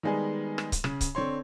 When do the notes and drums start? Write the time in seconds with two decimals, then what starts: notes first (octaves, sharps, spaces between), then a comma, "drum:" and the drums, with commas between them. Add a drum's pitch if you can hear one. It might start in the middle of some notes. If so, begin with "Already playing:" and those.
0.03 D#3 G3 G#3 B3 G#4
0.58 drum: rim click
0.72 drum: kick C#1, hi-hat
0.84 C#3, drum: rim click
1.01 drum: kick C#1, hi-hat
1.15 D3 C4 C#5 C6